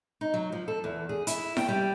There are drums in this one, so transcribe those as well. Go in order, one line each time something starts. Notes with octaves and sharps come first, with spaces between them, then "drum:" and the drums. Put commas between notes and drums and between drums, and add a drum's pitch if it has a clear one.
D#4
F#3
F3
A4
E2
G#4
E4, drum: hi-hat
G5, drum: snare E4
G3